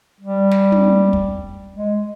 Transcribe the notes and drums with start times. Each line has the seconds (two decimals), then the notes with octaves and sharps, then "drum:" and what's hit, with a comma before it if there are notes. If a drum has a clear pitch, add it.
0.20 G3
0.51 drum: snare
0.72 drum: tom
1.13 drum: kick
1.74 G#3